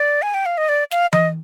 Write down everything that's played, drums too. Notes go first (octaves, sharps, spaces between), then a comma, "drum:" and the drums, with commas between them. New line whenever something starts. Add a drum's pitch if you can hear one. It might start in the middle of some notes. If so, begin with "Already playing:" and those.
Already playing: D5
G#5
G5
F5
D#5
D5
F5, drum: snare
D#5, drum: tom E3